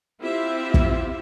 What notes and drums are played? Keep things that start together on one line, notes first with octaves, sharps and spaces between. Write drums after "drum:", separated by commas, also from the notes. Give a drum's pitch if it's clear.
C4 E4 F4 G4 E5
drum: kick